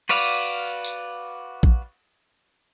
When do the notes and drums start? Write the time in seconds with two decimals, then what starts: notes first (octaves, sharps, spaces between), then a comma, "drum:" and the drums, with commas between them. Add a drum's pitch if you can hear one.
0.09 F#4 B4 D5 F5, drum: cymbal
0.84 drum: tambourine
1.63 drum: kick A#1